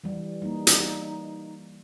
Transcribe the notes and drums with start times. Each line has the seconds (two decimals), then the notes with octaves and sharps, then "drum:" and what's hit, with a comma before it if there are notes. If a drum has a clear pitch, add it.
0.04 E3 G3
0.42 G3 A#3 D#4
0.67 drum: hi-hat